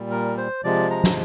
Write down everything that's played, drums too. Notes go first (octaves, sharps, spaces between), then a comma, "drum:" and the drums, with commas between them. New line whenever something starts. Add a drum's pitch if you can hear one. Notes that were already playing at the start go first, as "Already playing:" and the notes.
Already playing: A#2 G3
A#4
C5
C3 F3 G#3 D5
A#5
drum: snare